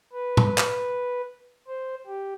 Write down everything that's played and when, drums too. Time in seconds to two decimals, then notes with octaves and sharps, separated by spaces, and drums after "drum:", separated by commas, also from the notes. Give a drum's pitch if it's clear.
0.13 B4
0.37 drum: tom A2
0.58 drum: clap
1.68 C5
2.07 G4